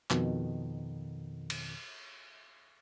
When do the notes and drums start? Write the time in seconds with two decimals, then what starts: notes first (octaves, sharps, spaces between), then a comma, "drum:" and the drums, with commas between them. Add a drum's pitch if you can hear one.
0.10 F2 B2 D#3, drum: clap
1.50 drum: cymbal